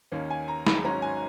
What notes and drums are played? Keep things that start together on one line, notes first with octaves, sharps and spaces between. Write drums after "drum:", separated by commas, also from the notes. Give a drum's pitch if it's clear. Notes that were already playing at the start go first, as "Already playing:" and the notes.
D#2 D#3 A#3 C#4
G#5
A#5
B5, drum: snare
G#1 G#2 F#3 C#4 A#5
G#5